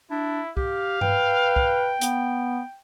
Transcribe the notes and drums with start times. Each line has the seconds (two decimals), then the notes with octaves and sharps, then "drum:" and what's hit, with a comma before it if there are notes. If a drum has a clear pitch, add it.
0.11 D4 E4
0.57 G4 F5, drum: kick
1.01 B4 G5, drum: tom G2
1.56 drum: kick
2.01 B3, drum: hi-hat